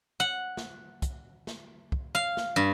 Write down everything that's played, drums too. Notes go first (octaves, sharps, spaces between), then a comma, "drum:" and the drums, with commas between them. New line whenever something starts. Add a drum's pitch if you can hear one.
F#5
drum: snare
drum: kick, hi-hat
drum: snare
drum: kick
F5
drum: snare
G2